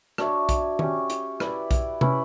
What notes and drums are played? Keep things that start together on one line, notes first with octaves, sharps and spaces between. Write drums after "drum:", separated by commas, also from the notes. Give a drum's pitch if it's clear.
D4 F#4 C#5 E5, drum: rim click
drum: kick B1, hi-hat
C#4 G4 C#5, drum: tom
drum: hi-hat
E4 B4 D5, drum: rim click
drum: kick B1, hi-hat
C#4 E4 B4, drum: tom C3